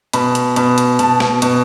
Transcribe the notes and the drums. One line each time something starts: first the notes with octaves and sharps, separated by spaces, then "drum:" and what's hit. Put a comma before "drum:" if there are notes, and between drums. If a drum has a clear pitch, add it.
B2 B5, drum: hi-hat
drum: hi-hat
B2, drum: hi-hat
drum: hi-hat
B2 A5, drum: hi-hat
drum: snare
B2, drum: hi-hat